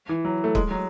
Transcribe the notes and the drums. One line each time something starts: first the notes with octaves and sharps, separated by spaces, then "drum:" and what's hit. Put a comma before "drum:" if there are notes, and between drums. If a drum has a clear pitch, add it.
E3
F#3
A3
G#3, drum: kick
F#3